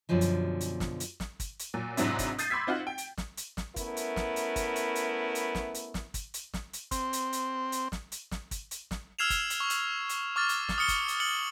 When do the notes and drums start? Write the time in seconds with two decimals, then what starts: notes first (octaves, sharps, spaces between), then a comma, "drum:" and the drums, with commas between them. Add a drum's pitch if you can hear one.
0.09 F#2 B2 D3 F3 G#3
0.21 drum: hi-hat
0.61 drum: hi-hat
0.80 drum: snare
1.00 drum: hi-hat
1.20 drum: snare
1.40 drum: kick, hi-hat
1.59 drum: hi-hat
1.74 A#2 F#3
1.97 G#2 C3 F#3 C4 D4 E4, drum: hi-hat
2.19 drum: kick, hi-hat
2.38 D#6 G6 A6 C7 D#7, drum: hi-hat
2.50 B5 C6 D6 E6 G#6 B6
2.67 C4 D#4 F4 F#4 F#5
2.87 G5
2.98 drum: hi-hat
3.18 drum: snare
3.37 drum: hi-hat
3.57 drum: snare
3.76 A3 B3 C#4 E4 A#4, drum: kick, hi-hat
3.97 drum: hi-hat
4.16 drum: snare
4.36 drum: hi-hat
4.56 drum: kick, hi-hat
4.76 drum: hi-hat
4.95 drum: hi-hat
5.35 drum: hi-hat
5.55 drum: snare
5.74 drum: hi-hat
5.94 drum: snare
6.14 drum: kick, hi-hat
6.34 drum: hi-hat
6.54 drum: snare
6.73 drum: hi-hat
6.91 C4, drum: kick, hi-hat
7.13 drum: hi-hat
7.33 drum: hi-hat
7.72 drum: hi-hat
7.92 drum: snare
8.12 drum: hi-hat
8.31 drum: snare
8.51 drum: kick, hi-hat
8.71 drum: hi-hat
8.91 drum: snare
9.19 E6 F6 G#6 C7 E7 F7
9.30 drum: kick, hi-hat
9.50 drum: hi-hat
9.60 C#6
9.70 drum: hi-hat
10.09 drum: hi-hat
10.36 C#6 D6 F6 A6
10.49 drum: hi-hat
10.69 drum: snare
10.78 D#6 F6 C#7 G7
10.88 drum: kick, hi-hat
11.08 drum: hi-hat
11.20 F6 C#7 F#7 G7